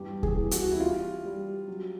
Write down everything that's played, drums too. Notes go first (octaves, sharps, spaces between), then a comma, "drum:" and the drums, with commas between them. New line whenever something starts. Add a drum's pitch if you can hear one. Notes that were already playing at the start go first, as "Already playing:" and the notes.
Already playing: E2 G2 G4
G#4, drum: kick D2
E3
F#4, drum: hi-hat
E4
G3 F4
G3
F#3